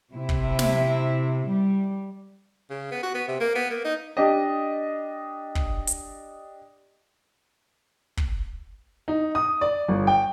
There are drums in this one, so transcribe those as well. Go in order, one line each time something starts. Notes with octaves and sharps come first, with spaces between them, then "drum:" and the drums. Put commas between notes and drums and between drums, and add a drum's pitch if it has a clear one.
C3 E4
drum: kick
drum: snare
G3
C#3
B3
F#4
B3
C3
A#3
B3
A#3
D#4
D4 G4 D#5
drum: kick
drum: hi-hat
drum: kick
D#4
D#6
D5
G1
G5